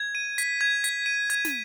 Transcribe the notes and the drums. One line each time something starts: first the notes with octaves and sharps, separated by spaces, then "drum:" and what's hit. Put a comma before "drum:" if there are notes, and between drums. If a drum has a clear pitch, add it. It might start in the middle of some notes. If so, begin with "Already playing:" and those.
Already playing: G#6
D#7
B6, drum: hi-hat
G#6
B6, drum: hi-hat
D#7
G#6, drum: hi-hat
drum: snare